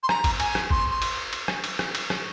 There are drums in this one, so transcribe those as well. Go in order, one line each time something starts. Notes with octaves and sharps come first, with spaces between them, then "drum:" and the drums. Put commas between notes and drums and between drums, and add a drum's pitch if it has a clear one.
C6
A#5, drum: rim click
drum: kick, cymbal
G#5, drum: cymbal
drum: rim click
C6, drum: kick
C6
drum: cymbal
drum: cymbal
drum: rim click
drum: cymbal
drum: rim click
drum: cymbal
drum: rim click